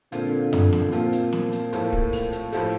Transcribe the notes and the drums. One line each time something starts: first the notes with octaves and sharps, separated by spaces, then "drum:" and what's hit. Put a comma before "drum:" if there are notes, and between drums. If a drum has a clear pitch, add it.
A#2 D3 F3 C4 F4, drum: hi-hat
drum: tom F#2
drum: snare
A#2 F3 A#3 C4 F4, drum: hi-hat
drum: hi-hat
drum: snare
drum: hi-hat
A2 F3 A3, drum: hi-hat
drum: kick
drum: open hi-hat
drum: hi-hat
A2 F3 A3, drum: hi-hat